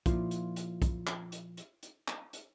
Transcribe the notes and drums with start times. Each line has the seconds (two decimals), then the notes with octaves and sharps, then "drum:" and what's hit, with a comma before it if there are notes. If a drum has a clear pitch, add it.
0.06 A#2 F3 E4 F4, drum: kick, hi-hat
0.31 drum: hi-hat
0.56 drum: hi-hat
0.82 drum: kick, hi-hat
1.07 drum: clap
1.32 drum: hi-hat
1.57 drum: hi-hat
1.83 drum: hi-hat
2.08 drum: clap
2.33 drum: hi-hat